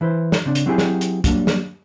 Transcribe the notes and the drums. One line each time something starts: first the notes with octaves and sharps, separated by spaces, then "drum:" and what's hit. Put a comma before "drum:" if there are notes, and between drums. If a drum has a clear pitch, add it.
E3 E4 B4 C5
drum: snare
C#3 C4 D4
drum: hi-hat
F#3 C4 E4 G4 G#4
drum: snare
drum: hi-hat
F#3 G3 A#3 D4, drum: kick, hi-hat
drum: snare